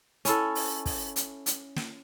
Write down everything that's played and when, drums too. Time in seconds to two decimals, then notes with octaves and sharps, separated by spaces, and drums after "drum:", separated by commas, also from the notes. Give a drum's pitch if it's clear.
0.25 C#4 E4 A4, drum: hi-hat
0.55 drum: open hi-hat
0.86 drum: kick, open hi-hat
1.16 drum: hi-hat
1.46 drum: hi-hat
1.76 drum: snare